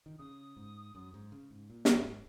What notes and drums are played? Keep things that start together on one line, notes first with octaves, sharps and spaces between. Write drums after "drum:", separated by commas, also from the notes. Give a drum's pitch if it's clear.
D#3
C#3 D#6
G#2
F#2
G#2
C#3
G#2
A#2
drum: snare
G#2